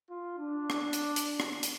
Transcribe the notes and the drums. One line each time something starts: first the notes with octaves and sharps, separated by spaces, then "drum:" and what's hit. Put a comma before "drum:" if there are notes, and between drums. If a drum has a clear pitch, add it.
F4
D4
drum: rim click
drum: hi-hat
drum: hi-hat
drum: rim click
drum: hi-hat